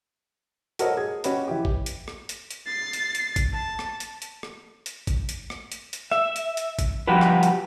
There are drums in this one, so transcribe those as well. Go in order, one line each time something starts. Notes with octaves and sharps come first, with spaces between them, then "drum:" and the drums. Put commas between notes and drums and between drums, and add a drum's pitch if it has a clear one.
F#4 A4 A#4 C5 C#5 D#5, drum: hi-hat
G#4 G#6
C#4 F#4 G4 B4 D#5, drum: hi-hat
E3 G4
drum: kick
drum: hi-hat
drum: rim click
drum: hi-hat
drum: hi-hat
A6 C7
drum: hi-hat
drum: hi-hat
drum: kick, hi-hat
A5
drum: rim click
drum: hi-hat
drum: hi-hat
drum: rim click
drum: hi-hat
drum: kick, hi-hat
drum: hi-hat
drum: rim click
drum: hi-hat
drum: hi-hat
E5, drum: rim click
drum: hi-hat
drum: hi-hat
drum: kick, hi-hat
F3 G3 F#4 G4 B4
drum: rim click
drum: hi-hat